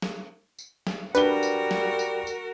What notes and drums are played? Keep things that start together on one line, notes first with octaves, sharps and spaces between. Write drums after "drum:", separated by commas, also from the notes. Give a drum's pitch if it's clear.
drum: snare
drum: tambourine
drum: snare
G3 D4 F#4 A#4 B4 G7, drum: tambourine
drum: tambourine
drum: snare
drum: tambourine
drum: tambourine